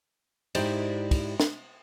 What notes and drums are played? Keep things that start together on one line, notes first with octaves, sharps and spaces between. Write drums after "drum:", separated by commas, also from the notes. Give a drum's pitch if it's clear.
G#2 D#4 E4 G4 C5 D5, drum: cymbal
drum: kick, cymbal
drum: snare